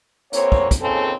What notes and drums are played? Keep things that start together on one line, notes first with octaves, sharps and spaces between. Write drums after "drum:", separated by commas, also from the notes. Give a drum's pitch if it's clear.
E2 A#3 C4 C#5, drum: hi-hat
drum: kick
drum: kick, hi-hat
D#2 A#2 C#3 C4 G#4 A4